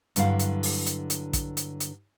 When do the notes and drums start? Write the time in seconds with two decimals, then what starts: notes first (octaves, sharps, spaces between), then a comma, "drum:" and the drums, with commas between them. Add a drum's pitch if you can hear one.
0.16 G2 D3 F#3 E4 F5 F#5, drum: hi-hat
0.39 drum: hi-hat
0.63 drum: open hi-hat
0.86 drum: hi-hat
1.10 drum: hi-hat
1.33 drum: kick, hi-hat
1.57 drum: hi-hat
1.80 drum: hi-hat